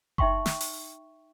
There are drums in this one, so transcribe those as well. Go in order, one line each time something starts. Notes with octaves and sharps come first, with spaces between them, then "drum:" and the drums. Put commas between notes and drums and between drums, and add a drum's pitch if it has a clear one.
D#4 E5 G5 C6 C#6, drum: kick F#1
drum: snare
drum: open hi-hat